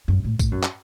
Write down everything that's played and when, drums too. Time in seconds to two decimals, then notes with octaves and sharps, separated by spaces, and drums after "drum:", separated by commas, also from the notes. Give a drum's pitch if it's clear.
0.08 F#2
0.24 A2
0.39 A2, drum: kick, tambourine
0.52 F#2
0.63 drum: clap